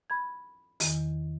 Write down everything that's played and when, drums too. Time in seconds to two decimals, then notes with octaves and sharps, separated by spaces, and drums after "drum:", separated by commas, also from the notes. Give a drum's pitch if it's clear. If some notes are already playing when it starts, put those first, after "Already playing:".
0.10 B5 G#6
0.80 E2 D#3, drum: open hi-hat